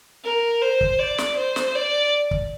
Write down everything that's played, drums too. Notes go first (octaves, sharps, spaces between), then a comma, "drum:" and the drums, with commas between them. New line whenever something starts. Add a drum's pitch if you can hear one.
A#4
C5
drum: kick
D5
drum: snare
C5
drum: snare
D5
drum: kick